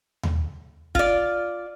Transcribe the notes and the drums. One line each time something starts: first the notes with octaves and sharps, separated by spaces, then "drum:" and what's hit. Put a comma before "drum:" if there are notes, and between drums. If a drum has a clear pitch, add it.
drum: tom D#2
F4 D5, drum: kick